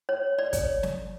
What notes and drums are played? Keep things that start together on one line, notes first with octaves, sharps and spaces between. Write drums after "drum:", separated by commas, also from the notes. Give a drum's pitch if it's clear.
C#5
D5
C#5, drum: kick, hi-hat
drum: snare